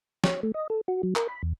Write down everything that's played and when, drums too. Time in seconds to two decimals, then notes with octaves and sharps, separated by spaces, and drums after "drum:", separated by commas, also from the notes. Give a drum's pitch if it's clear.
0.24 C#5, drum: snare
0.43 A3
0.54 D#5
0.70 A4
0.88 F#4
1.03 F#3
1.16 A#4, drum: clap
1.29 B5
1.43 E2